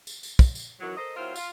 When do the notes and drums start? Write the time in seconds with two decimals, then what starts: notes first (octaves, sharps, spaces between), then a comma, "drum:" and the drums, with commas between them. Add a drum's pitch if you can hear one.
0.07 drum: tambourine
0.23 drum: tambourine
0.39 drum: kick, tambourine
0.55 drum: tambourine
0.80 F#2 D#3 E3 F#3
0.97 A4 A#4 C5 D#5
1.16 F#3 C4 E4 F4 A#4 C5
1.36 F4, drum: tambourine